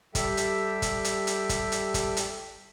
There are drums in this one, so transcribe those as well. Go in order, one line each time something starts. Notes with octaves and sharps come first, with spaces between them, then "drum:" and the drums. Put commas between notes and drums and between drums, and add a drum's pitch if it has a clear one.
G3 G4 A4 E5 G5, drum: kick, hi-hat
drum: hi-hat
drum: kick, hi-hat
drum: hi-hat
drum: hi-hat
drum: kick, hi-hat
drum: hi-hat
drum: kick, hi-hat
drum: hi-hat